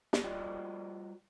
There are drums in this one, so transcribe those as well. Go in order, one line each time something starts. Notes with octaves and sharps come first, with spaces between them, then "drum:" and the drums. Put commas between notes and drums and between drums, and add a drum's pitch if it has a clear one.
drum: snare
G3 F4 F#4 D5 D#5 G5